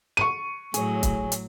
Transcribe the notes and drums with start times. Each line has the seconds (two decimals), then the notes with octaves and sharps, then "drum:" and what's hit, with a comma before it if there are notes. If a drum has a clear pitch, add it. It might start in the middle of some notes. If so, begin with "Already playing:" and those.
0.17 C#6 D#7
0.74 A2 F#3 G#4 C#5, drum: hi-hat
1.03 drum: kick, hi-hat
1.32 drum: hi-hat